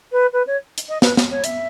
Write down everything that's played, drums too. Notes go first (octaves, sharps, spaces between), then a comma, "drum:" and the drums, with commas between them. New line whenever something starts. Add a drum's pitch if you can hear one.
B4
B4
C#5
drum: hi-hat
D#5
B4, drum: snare
drum: snare
C#5
E5, drum: hi-hat